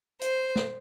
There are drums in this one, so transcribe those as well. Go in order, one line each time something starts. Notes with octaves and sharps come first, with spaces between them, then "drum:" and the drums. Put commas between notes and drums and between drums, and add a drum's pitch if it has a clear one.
C5, drum: hi-hat
drum: snare